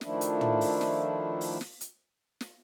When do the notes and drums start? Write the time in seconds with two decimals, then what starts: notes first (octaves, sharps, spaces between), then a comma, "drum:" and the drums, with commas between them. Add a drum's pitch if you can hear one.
0.01 D#3 F3 A3 D4 E4, drum: snare
0.21 drum: hi-hat
0.41 drum: tom
0.61 drum: open hi-hat
0.81 drum: snare
1.41 drum: open hi-hat
1.61 drum: snare
1.81 drum: hi-hat
2.41 drum: snare